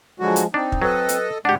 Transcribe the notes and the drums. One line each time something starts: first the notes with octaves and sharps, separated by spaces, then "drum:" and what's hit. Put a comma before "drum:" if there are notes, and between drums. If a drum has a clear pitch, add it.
D3 F3 F#3 G#3 F#4
drum: hi-hat
C4 D4 D#4
drum: kick
F#3 A4 B4 D#5
drum: hi-hat
D2 G#2 G#3 D4 G4 F#5